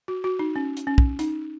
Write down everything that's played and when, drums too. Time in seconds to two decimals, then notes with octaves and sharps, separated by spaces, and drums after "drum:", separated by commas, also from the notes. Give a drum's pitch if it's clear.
0.08 F#4
0.24 F#4
0.39 D#4
0.56 C#4
0.77 drum: hi-hat
0.87 C#4
0.98 drum: kick
1.19 D#4, drum: hi-hat